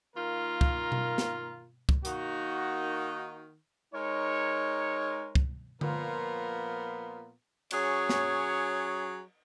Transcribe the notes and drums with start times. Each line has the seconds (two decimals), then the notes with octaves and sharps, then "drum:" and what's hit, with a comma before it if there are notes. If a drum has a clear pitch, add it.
0.16 D#3 A#3 F4 A#4
0.61 drum: kick
0.92 drum: tom B2
1.18 drum: snare
1.89 drum: kick
2.05 D#3 A#3 D#4 F#4, drum: hi-hat
3.93 G#3 D#4 A#4 C#5
5.35 drum: kick
5.81 A#2 F3 B3 F4 A#4, drum: tom D3
7.71 F#3 C#4 G#4 C#5, drum: cymbal
8.09 drum: snare